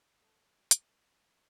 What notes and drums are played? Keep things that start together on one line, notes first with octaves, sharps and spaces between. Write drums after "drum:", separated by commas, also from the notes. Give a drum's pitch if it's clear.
A4 A5
drum: hi-hat